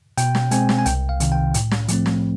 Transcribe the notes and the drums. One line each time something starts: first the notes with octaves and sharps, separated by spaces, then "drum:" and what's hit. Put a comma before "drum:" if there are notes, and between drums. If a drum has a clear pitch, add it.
B2 G5, drum: hi-hat
drum: snare
G#3 C4 G#5, drum: hi-hat
drum: snare
G#5
C2 G5, drum: hi-hat
F5
C3 D#3, drum: hi-hat
G5
A2, drum: hi-hat
drum: snare
F3 A3 C4, drum: hi-hat
drum: snare